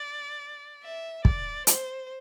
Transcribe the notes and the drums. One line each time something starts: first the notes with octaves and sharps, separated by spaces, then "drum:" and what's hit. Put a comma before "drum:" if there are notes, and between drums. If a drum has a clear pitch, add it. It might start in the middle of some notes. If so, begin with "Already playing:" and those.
Already playing: D5
E5
D5, drum: kick
C5, drum: hi-hat